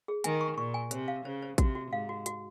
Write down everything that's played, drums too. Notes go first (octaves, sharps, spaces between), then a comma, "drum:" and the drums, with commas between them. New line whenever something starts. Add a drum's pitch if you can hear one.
G#4
D#3 G#5, drum: hi-hat
C#6
A#2 C#6
G#5
C3 C5, drum: hi-hat
F5
C#3 C5
C5
C3 F#4, drum: kick A1, hi-hat
F#4
G#2 F5
F#4
F#4, drum: hi-hat